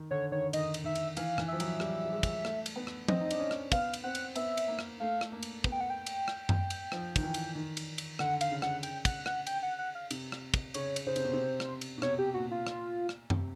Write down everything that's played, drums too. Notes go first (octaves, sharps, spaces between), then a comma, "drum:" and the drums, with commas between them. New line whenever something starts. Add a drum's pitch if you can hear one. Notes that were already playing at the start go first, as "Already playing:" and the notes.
Already playing: D#3
D3 C#5
D#3 C#5
D#3 D#5, drum: cymbal
drum: cymbal
D#3 E5
drum: cymbal
E3 F5, drum: cymbal
E3, drum: rim click
F3 E5
F#3, drum: cymbal
G3, drum: rim click
G3
G#3
drum: kick, cymbal
A3, drum: rim click
drum: cymbal
B3
drum: rim click
C4 D#5, drum: tom F3
D#4
D4, drum: cymbal
C#4
drum: rim click
B3 F5, drum: kick, cymbal
drum: cymbal
C4 F#5
drum: cymbal
B3 E5, drum: cymbal
drum: cymbal
A#3
drum: rim click
A3 F5
drum: rim click
A#3
drum: cymbal
B3, drum: kick
G5
F#5
G5
drum: cymbal
drum: rim click
drum: tom F#2
drum: cymbal
F3, drum: rim click
D#3, drum: kick, cymbal
E3
drum: cymbal
D#3
drum: cymbal
drum: cymbal
D3 F#5, drum: rim click
F5, drum: cymbal
C#3
F#5, drum: rim click
G5, drum: cymbal
F#5, drum: kick, cymbal
F#5, drum: rim click
G5, drum: cymbal
F#5
F#5
F5
C3, drum: cymbal
drum: rim click
drum: kick, cymbal
C#3 C#5, drum: cymbal
drum: cymbal
C#3 C5
C3, drum: cymbal
B2
C3
drum: rim click
drum: cymbal
B2
C3 C#5, drum: rim click
G4
A#2 F#4
F4
drum: rim click
drum: rim click
C3, drum: tom F#2